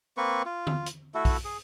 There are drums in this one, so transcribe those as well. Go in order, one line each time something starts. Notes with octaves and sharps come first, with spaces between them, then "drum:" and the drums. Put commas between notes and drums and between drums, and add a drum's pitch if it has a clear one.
A#3 C4 B4 C#6
F4
drum: tom D3
drum: hi-hat
A3 E4 F#4 A4
drum: kick B1, open hi-hat
G#4